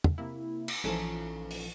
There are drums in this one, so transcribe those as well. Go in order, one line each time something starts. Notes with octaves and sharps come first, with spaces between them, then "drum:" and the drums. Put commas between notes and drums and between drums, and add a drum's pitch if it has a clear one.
drum: tom
C3 A#3 E4
drum: cymbal
A#1 E3 F3 C#4 D#4 A4
drum: open hi-hat